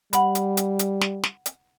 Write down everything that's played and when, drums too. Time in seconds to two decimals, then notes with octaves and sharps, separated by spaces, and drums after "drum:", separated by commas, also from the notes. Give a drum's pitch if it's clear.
0.13 G3 F#5 B5, drum: hi-hat
0.35 drum: hi-hat
0.57 drum: hi-hat
0.79 drum: hi-hat
1.01 drum: snare
1.23 drum: snare
1.46 drum: hi-hat